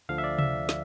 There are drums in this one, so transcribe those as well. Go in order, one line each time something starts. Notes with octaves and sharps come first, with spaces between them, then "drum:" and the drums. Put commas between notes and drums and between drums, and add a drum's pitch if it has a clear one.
D2 D3 F3 F5
E5
D5
E5, drum: tom C3
drum: snare